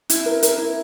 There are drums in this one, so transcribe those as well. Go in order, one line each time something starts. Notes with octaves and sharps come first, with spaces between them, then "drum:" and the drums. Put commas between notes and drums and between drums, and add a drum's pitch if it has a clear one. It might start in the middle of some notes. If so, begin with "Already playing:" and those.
E4, drum: hi-hat
A#4
A#4, drum: hi-hat
E4